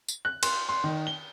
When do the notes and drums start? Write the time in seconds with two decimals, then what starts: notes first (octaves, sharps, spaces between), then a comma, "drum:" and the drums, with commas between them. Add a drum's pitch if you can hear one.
0.08 drum: tambourine
0.25 F#6
0.43 C6, drum: cymbal
0.69 C6
0.84 D#3
1.07 G7